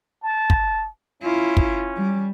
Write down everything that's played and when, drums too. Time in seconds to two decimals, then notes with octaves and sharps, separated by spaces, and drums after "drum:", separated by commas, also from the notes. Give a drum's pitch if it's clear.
0.23 A5
0.50 drum: kick
1.23 C#4 E4 F4
1.57 drum: kick
1.97 G3